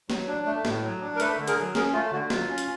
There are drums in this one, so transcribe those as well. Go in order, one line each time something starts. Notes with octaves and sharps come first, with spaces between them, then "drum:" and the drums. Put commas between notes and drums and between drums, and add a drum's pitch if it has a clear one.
F#3, drum: snare
D4
A3
A2, drum: snare
F#3
D4
A#4
A3 A4 B4, drum: hi-hat
D3
G#4 A#4, drum: hi-hat
F#3
C#4 G#4 A#4, drum: snare
A3 F4
D3 F#4
F#3 F4, drum: snare
C#4
drum: hi-hat